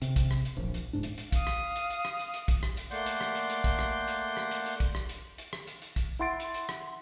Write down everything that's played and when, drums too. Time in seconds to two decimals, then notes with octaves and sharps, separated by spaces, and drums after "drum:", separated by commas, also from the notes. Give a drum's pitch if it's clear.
0.02 C3, drum: hi-hat
0.16 drum: kick, hi-hat
0.31 drum: rim click
0.45 drum: hi-hat
0.56 D1 A#1
0.74 drum: hi-hat
0.93 D1 G#2 D4
1.03 drum: hi-hat
1.18 drum: hi-hat
1.32 F5 D#6, drum: kick, hi-hat
1.47 drum: rim click
1.76 drum: hi-hat
1.90 drum: hi-hat
2.05 drum: rim click
2.19 drum: hi-hat
2.34 drum: hi-hat
2.48 drum: kick, hi-hat
2.63 drum: rim click
2.77 drum: hi-hat
2.91 A3 A#3 D5 F#5 C6 G6, drum: hi-hat
3.06 drum: hi-hat
3.21 drum: rim click
3.35 drum: hi-hat
3.50 drum: hi-hat
3.64 drum: kick, hi-hat
3.79 drum: rim click
4.08 drum: hi-hat
4.37 drum: rim click
4.51 drum: hi-hat
4.66 drum: hi-hat
4.80 drum: kick, hi-hat
4.95 drum: rim click
5.09 drum: hi-hat
5.38 drum: hi-hat
5.53 drum: rim click
5.67 drum: hi-hat
5.82 drum: hi-hat
5.96 drum: kick, hi-hat
6.19 E4 F#5 C6 A6 D7
6.40 drum: hi-hat
6.54 drum: hi-hat
6.69 drum: rim click